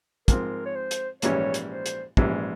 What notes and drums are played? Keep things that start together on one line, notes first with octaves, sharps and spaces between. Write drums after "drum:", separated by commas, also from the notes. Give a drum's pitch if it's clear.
G#2 F3 C4 A#4, drum: kick, hi-hat
C#5
C5
drum: hi-hat
A#1 G#2 E3 G3 C#4 C#5, drum: hi-hat
drum: hi-hat
C5
drum: hi-hat
A#1 G#2 E3 G3 C#4, drum: kick